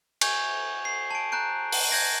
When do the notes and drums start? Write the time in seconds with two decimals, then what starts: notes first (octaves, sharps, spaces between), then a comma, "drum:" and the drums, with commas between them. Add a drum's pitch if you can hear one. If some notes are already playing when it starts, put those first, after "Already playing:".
0.21 G#5 C#6 G6 G#6 F7, drum: cymbal
0.85 C7
1.11 A5 D7
1.32 A#5 F#6 G6 D7
1.72 drum: open hi-hat
1.91 G6 G#6 A#6 D7